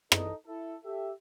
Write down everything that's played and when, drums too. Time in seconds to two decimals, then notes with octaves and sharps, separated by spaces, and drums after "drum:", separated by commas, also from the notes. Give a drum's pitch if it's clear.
0.12 D#4 A4 D#5, drum: rim click
0.47 E4 A4
0.84 G4 A4 E5